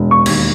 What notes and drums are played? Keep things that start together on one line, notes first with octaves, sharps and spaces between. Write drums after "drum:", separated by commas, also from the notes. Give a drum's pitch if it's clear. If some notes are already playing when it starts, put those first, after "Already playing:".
Already playing: E1
C#6
D#2, drum: cymbal